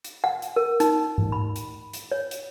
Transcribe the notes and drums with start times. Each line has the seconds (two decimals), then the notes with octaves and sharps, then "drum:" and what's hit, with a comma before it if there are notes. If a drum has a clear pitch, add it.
0.04 drum: hi-hat
0.24 F#5
0.42 drum: hi-hat
0.56 A#4
0.80 D#4, drum: hi-hat
1.18 drum: tom G#2
1.32 B5
1.56 drum: hi-hat
1.93 drum: hi-hat
2.12 C#5
2.31 drum: hi-hat